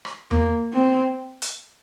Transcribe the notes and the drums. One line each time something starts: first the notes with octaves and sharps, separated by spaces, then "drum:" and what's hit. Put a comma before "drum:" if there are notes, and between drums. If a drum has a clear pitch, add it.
drum: rim click
A#3, drum: tom E2
C4
drum: hi-hat